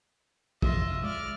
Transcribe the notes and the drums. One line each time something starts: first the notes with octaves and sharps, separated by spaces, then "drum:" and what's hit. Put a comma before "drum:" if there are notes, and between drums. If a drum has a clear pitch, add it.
F2 C3 F3 F4 D#5 E5, drum: kick
G#3 D5 D#6 F6